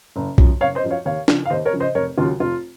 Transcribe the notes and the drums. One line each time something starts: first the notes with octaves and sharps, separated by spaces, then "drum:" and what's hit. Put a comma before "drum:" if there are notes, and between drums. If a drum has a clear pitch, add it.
F#1
F#2 F3, drum: kick B1
F#1 C#5 F5
C5 D#5
F#2 F3
C#5 F5
D#2 C#5 F5
C#3 F3, drum: snare
F5
D#2 C5 D#5
A#4 C#5
C#3 F3
C5 D#5
F1 A#4 C#5
D#2 C#3 F#3 F4
F1 F4